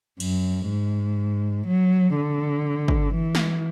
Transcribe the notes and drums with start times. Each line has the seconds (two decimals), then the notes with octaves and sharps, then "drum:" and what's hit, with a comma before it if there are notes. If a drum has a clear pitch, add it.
0.20 F#2, drum: cymbal
0.69 G#2
1.67 F#3
2.16 D3
2.88 drum: kick
3.14 E3
3.35 drum: snare